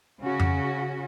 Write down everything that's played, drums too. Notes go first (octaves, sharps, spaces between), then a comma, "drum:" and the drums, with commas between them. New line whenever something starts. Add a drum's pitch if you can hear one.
C#3 C#4 F#4
drum: tom F2